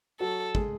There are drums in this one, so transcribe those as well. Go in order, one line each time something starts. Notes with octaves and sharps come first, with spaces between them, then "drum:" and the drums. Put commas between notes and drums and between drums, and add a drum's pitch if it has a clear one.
F#3 F#4 A4
G#3 G#4, drum: kick